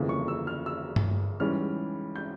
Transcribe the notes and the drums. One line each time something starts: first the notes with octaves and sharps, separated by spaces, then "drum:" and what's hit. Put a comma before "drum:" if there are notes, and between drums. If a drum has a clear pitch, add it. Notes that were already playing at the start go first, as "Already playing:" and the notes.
Already playing: G1 F2 C#3 E3 A#3
C#6
E6
F6
E6
drum: tom G2
G#2 E3 G3 C#4 F6
G6